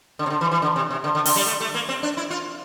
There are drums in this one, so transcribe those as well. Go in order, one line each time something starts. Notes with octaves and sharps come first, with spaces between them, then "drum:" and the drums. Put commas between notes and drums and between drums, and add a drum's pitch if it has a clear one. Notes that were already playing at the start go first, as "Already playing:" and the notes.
D3
C3
D3
E3
E3
D3
C3
C3
D3
D3
D3, drum: open hi-hat
G3
A3
A3
A#3
C4
D4
E4
F4